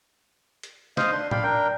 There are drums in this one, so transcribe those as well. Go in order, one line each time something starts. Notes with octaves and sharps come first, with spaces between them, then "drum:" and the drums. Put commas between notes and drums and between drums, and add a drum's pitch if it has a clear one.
drum: hi-hat
C5 D#5 F5, drum: snare
D4 C6
D5 F5 G5 B5, drum: tom A2
D4 A#4 G5